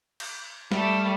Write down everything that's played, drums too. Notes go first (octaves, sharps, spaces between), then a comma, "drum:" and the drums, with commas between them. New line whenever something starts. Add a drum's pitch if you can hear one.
drum: cymbal
G3 A3 A4, drum: snare